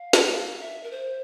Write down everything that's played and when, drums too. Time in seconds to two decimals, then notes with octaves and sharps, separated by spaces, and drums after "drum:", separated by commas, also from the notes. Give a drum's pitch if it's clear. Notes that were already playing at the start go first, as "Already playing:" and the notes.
Already playing: F5
0.13 drum: snare
0.60 E5
0.83 A#4
0.91 C5